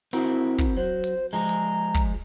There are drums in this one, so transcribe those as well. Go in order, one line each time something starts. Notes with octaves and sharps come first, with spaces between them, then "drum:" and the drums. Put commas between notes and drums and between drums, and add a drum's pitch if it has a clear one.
C4 E4 F#4 A#4, drum: hi-hat
drum: kick, hi-hat
F#3 C5
drum: hi-hat
F3 G#3 A#5
drum: hi-hat
drum: kick, hi-hat